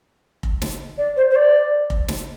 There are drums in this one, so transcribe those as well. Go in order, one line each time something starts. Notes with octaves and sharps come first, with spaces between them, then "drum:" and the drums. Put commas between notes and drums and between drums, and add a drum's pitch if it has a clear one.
drum: kick F1
drum: snare
D5
C5
C5
D5
drum: kick F1
drum: snare